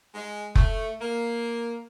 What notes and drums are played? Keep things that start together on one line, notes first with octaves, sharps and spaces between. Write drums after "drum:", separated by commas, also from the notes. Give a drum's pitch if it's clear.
G#3
A3, drum: kick F1
A#3